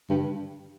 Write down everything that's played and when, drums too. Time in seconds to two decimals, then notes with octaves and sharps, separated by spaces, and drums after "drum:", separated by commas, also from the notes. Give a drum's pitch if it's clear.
0.10 G2, drum: tom C#3